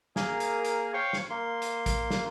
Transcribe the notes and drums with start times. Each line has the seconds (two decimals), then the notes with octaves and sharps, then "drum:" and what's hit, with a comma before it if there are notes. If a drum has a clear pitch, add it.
0.16 A#3 G#4 A#4, drum: snare
0.40 drum: hi-hat
0.65 drum: hi-hat
0.94 C5 C#5 F5 G5 C6 C#6
1.13 drum: snare
1.30 A#3 C6
1.62 drum: hi-hat
1.86 drum: kick, hi-hat
2.10 drum: snare